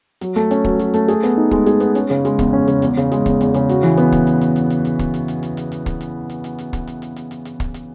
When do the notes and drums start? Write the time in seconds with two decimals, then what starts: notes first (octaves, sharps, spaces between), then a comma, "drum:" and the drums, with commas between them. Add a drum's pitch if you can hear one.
0.21 F#3, drum: hi-hat
0.36 A3, drum: hi-hat
0.51 C#4, drum: hi-hat
0.64 F#3, drum: kick
0.79 F#3, drum: hi-hat
0.94 A3, drum: hi-hat
1.08 G#4, drum: hi-hat
1.23 B3, drum: hi-hat
1.37 D#4
1.51 G#3, drum: kick
1.66 G#4, drum: hi-hat
1.80 B3, drum: hi-hat
1.95 C#4, drum: hi-hat
2.10 C#3, drum: hi-hat
2.25 G#3, drum: hi-hat
2.39 E2, drum: kick, hi-hat
2.53 C#4
2.68 C#3, drum: hi-hat
2.82 E2, drum: hi-hat
2.97 C#3, drum: hi-hat
3.12 G#3, drum: hi-hat
3.26 E2, drum: kick, hi-hat
3.41 E2, drum: hi-hat
3.54 C#3, drum: hi-hat
3.69 F#4, drum: hi-hat
3.83 E3, drum: hi-hat
3.97 B3, drum: hi-hat
4.12 drum: kick, hi-hat
4.27 drum: hi-hat
4.41 drum: hi-hat
4.56 drum: hi-hat
4.70 drum: hi-hat
4.85 drum: hi-hat
4.99 drum: kick, hi-hat
5.14 drum: hi-hat
5.28 drum: hi-hat
5.43 drum: hi-hat
5.57 drum: hi-hat
5.72 drum: hi-hat
5.86 drum: kick, hi-hat
6.01 drum: hi-hat
6.30 drum: hi-hat
6.44 drum: hi-hat
6.59 drum: hi-hat
6.73 drum: kick, hi-hat
6.87 drum: hi-hat
7.02 drum: hi-hat
7.16 drum: hi-hat
7.31 drum: hi-hat
7.45 drum: hi-hat
7.60 drum: kick, hi-hat
7.74 drum: hi-hat